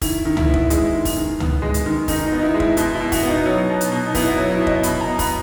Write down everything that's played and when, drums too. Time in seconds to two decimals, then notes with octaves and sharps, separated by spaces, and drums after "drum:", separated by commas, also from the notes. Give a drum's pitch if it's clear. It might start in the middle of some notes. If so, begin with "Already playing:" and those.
0.02 D#3 E4, drum: kick, open hi-hat
0.25 D#3
0.37 E4, drum: tom C#2
0.47 B3
0.54 E4, drum: kick
0.70 G#3 E4, drum: hi-hat
0.94 D#3
1.05 drum: kick, open hi-hat
1.17 D#3
1.40 B3, drum: tom C#2
1.62 G#3
1.74 drum: hi-hat
1.86 D#3
2.08 D#3 D#4, drum: kick, open hi-hat
2.26 D#4
2.32 B3
2.38 D#4
2.43 E4
2.55 G#3
2.60 E4, drum: kick
2.77 B2 E4, drum: hi-hat
2.95 E4
3.01 B2
3.12 F#4, drum: kick, open hi-hat
3.23 B3
3.29 D#4
3.46 F#3
3.70 B2
3.81 drum: hi-hat
3.92 B2
4.05 D#4
4.15 B3 E4, drum: kick, open hi-hat
4.32 E4
4.38 F#3
4.50 E4
4.61 B2
4.67 D#5, drum: kick
4.83 B2 B5, drum: hi-hat
5.01 A#5
5.07 B3
5.19 B5, drum: kick, open hi-hat